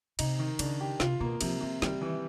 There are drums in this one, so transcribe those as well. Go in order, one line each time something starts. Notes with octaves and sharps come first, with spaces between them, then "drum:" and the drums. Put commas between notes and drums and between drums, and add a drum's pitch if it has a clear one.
C3 D#4, drum: cymbal
D#3
C#3 D4, drum: cymbal
G4
C3 F4, drum: snare
B2 A#3
C3 F3, drum: cymbal
C3 F3
D#3 G3, drum: snare
D3
D#3 E3